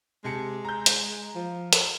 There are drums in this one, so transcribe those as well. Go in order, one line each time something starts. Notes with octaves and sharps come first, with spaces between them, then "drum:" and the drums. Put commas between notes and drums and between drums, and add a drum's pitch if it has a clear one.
C3 G#3 A5 C#7
A#5 G6
drum: hi-hat
F3
drum: hi-hat